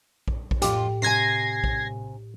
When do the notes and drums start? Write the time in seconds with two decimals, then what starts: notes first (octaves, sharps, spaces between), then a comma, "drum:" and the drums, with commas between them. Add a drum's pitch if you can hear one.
0.28 drum: kick A#1
0.51 drum: kick A#1
0.62 F2 A2 F4 G4, drum: hi-hat
1.02 C3 G#5 G#6 A#6 C7
1.64 drum: kick A#1